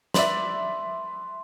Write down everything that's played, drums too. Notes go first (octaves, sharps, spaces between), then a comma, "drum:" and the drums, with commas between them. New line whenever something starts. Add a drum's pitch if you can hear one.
B4 D5 E5 C6, drum: snare